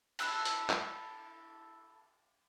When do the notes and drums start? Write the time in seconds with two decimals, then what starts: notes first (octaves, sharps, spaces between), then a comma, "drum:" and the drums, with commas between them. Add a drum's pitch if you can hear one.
0.19 E4 A4 E6 F#6, drum: cymbal
0.45 drum: hi-hat
0.70 drum: clap